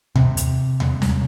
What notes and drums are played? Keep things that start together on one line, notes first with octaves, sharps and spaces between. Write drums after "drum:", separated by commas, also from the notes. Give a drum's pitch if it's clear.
C3, drum: tom D#2
drum: hi-hat
drum: tom D#2
drum: snare